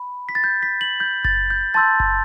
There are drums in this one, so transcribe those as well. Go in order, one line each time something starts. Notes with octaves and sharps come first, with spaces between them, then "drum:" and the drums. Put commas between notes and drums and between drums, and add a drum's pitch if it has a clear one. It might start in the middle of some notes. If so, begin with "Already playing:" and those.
Already playing: B5
B6
A6
G6
B6
F#7
G6
A6, drum: kick F#1
G6
A5 C6 E6 G6 A6
drum: kick F#1